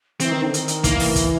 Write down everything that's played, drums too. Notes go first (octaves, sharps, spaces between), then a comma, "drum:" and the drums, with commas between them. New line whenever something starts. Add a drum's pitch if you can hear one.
E3 C4, drum: hi-hat
D#3
D3
D#3, drum: hi-hat
drum: hi-hat
E3 A#3, drum: kick, hi-hat
drum: open hi-hat
drum: kick, hi-hat